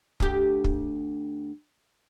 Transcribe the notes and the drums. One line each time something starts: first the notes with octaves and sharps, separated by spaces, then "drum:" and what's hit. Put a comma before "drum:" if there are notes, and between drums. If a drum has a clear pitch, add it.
D2 G4, drum: kick
drum: kick